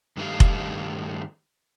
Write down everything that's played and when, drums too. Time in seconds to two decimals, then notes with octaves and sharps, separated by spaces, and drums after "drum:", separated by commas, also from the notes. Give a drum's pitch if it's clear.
0.17 G2 D#3 A3 D#4 G4 F5
0.40 drum: kick F1